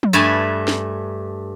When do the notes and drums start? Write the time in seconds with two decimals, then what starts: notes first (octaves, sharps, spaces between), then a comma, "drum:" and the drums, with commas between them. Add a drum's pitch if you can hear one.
0.03 drum: tom F3
0.13 G2 A3 B4 G#5 A5
0.68 drum: snare